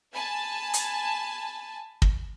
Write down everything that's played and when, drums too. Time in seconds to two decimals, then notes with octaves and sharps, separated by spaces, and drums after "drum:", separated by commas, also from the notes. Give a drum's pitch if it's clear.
0.14 G#5 A5 B5
0.74 drum: hi-hat
2.02 drum: kick